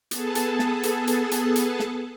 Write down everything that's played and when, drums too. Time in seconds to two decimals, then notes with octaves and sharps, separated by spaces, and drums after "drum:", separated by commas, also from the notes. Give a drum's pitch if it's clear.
0.11 B3 G#4 A4 A5, drum: hi-hat
0.35 drum: hi-hat
0.59 drum: snare
0.83 drum: hi-hat
1.07 drum: hi-hat
1.31 drum: hi-hat
1.56 drum: hi-hat
1.80 drum: snare